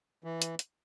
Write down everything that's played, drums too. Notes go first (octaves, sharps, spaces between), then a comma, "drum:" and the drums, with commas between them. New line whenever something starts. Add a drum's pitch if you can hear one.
E3
drum: hi-hat
drum: hi-hat